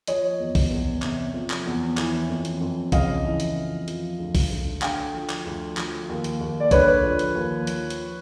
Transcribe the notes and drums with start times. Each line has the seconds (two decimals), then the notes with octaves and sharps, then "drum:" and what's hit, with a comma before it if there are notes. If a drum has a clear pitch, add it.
0.07 F3 C#5 D#5, drum: hi-hat
0.39 E2
0.55 drum: kick A#1, open hi-hat
0.70 E2
1.02 C3, drum: clap
1.34 F3
1.50 drum: clap
1.66 E2
1.97 E3, drum: clap
2.29 F2
2.45 drum: hi-hat
2.60 F2
2.92 C#3 D#5 F5, drum: kick A#1, hi-hat
3.25 E3
3.40 drum: hi-hat
3.55 F2
3.88 F3, drum: hi-hat
4.18 D2
4.35 drum: kick A#1, open hi-hat
4.50 D2
4.82 D3 F5 G5, drum: clap
5.14 F3
5.30 drum: clap
5.45 D2
5.77 F3, drum: clap
6.09 D#2
6.24 drum: hi-hat
6.40 D#2
6.60 D5
6.71 D3 B4 C#5, drum: kick A#1, hi-hat
7.03 F3
7.19 drum: hi-hat
7.35 D#2
7.67 F3, drum: hi-hat
7.90 drum: hi-hat